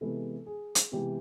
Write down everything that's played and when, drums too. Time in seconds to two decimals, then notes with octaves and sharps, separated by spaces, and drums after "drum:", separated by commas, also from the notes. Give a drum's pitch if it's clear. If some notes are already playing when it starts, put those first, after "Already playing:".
0.01 C3 E3 G#3 B3 A4
0.46 G#4
0.75 drum: hi-hat
0.92 C3 E3 G#3 B3 G4